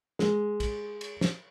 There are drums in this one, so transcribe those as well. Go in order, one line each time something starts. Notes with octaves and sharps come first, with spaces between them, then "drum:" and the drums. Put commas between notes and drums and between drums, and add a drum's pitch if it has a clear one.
G#3, drum: snare
drum: kick, cymbal
drum: cymbal
drum: snare